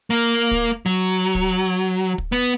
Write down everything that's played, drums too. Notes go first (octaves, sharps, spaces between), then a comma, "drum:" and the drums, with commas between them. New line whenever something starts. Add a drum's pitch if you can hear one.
A#3
drum: kick
F#3
drum: kick
drum: kick
B3